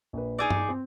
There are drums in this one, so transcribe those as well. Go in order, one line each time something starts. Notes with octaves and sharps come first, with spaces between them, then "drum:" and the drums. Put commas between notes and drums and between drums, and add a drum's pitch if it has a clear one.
A#1 B4
D#4 G#4 D5 E6
drum: tom G2
C4